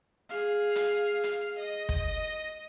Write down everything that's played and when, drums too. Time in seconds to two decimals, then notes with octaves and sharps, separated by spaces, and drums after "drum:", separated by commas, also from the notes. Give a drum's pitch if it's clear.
0.30 G#4 F5
0.76 drum: hi-hat
1.24 drum: hi-hat
1.60 D#5
1.89 drum: kick